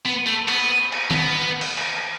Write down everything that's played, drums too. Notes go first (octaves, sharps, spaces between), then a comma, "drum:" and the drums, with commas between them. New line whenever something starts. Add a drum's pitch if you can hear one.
B3
A3
B3, drum: cymbal
drum: cymbal
B3, drum: tom
drum: open hi-hat
drum: cymbal